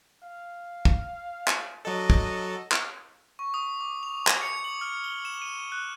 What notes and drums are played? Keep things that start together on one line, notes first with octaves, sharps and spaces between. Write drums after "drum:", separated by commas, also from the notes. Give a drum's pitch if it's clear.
F5
drum: kick
drum: clap
F#3 D4 A4 D#5
drum: kick
drum: clap
C#6
D#6
D6
F7
G#6, drum: clap
C#7
F#7
F6
G7
E7
D#7
F#6